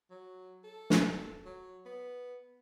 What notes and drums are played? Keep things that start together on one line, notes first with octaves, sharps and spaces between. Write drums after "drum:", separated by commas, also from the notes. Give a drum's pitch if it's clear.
F#3
A4
drum: snare
F#3
B3